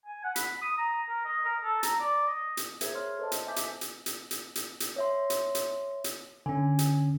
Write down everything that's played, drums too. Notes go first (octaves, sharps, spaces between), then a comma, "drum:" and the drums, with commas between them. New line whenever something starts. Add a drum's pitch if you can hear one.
G#5
F#5
B5, drum: hi-hat
D#6
A#5
A#4
D#5
A#4
A4
A#5, drum: hi-hat
D5
D#5
drum: hi-hat
G#4 A#4 C5 E5 G#6, drum: hi-hat
C#5 E5 C6 F6
A4 B4 C5 D#5 A5
drum: hi-hat
E5 G#5 D6 G6 B6
drum: hi-hat
drum: hi-hat
drum: hi-hat
drum: hi-hat
drum: hi-hat
drum: hi-hat
C#5 E5 C6
drum: hi-hat
drum: hi-hat
drum: hi-hat
D3 C#4 G#5
drum: hi-hat